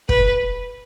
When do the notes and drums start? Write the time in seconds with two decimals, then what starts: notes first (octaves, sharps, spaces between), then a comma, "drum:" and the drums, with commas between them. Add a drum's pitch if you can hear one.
0.09 B4, drum: kick